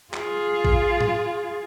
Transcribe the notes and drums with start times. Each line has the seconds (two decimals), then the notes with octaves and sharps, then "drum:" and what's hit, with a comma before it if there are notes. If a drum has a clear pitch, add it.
0.14 F4 G#4, drum: clap
0.64 drum: kick
1.01 drum: tom A2